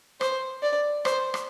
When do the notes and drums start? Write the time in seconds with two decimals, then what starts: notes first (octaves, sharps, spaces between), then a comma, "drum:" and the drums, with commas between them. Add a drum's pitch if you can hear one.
0.21 C5, drum: rim click
0.62 D5
1.05 C5, drum: rim click
1.34 drum: rim click